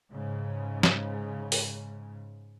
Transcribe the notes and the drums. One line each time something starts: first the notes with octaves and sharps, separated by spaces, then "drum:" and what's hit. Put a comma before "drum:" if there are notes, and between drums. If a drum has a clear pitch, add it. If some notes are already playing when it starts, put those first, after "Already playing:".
G#2 C#3
drum: snare
drum: open hi-hat